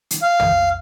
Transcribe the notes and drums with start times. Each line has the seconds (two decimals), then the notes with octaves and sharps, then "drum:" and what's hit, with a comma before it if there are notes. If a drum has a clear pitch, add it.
0.11 drum: hi-hat
0.22 F5
0.40 drum: tom